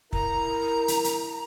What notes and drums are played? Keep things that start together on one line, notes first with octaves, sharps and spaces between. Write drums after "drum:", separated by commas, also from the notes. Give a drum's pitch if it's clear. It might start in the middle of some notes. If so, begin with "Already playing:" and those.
E4 A#4 A#5, drum: kick
drum: hi-hat
drum: hi-hat